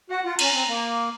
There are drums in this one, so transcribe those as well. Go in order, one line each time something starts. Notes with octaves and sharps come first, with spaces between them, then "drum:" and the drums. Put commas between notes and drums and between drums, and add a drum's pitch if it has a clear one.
F#4 F#5
F4
C#4 A#5, drum: cymbal
C4
A#3